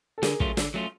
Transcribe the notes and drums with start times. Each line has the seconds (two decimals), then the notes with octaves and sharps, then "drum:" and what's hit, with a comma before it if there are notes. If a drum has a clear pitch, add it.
0.18 A4
0.23 D3 G#4 A#4, drum: snare
0.40 F#3 A3 C#4 F4, drum: kick
0.57 D3, drum: snare
0.74 F#3 A3 C#4 F4